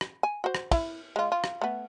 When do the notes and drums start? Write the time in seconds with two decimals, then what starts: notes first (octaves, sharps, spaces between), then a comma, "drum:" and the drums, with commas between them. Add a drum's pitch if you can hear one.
0.01 drum: rim click
0.23 G#5
0.44 F#4 C5
0.55 drum: rim click
0.71 E4, drum: kick, cymbal
1.16 G#3 F4
1.32 F4
1.44 drum: rim click
1.62 A3 B3